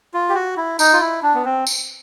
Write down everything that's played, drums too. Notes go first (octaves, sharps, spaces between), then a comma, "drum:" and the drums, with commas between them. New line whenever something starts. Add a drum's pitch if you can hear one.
F4
G4
F#4
E4
D#4, drum: tambourine
F4
E4
D4
B3
C4
drum: tambourine